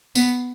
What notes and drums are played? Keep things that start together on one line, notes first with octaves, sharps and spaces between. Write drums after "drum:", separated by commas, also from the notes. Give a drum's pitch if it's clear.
B3, drum: tambourine